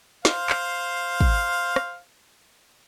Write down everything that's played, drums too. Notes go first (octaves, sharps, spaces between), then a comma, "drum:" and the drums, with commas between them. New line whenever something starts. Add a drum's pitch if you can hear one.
C5 F5, drum: snare
drum: clap
drum: kick
drum: rim click